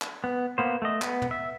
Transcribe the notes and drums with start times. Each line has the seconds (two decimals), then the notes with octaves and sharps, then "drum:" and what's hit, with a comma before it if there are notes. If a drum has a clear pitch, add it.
0.02 drum: clap
0.24 B3
0.58 A#3 B3 C5
0.82 A3 D#5
1.02 B3, drum: clap
1.22 drum: tom
1.31 E5